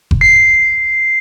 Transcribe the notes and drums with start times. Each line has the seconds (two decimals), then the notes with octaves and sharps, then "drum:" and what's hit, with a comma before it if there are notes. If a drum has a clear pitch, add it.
0.11 drum: kick F#1
0.21 C7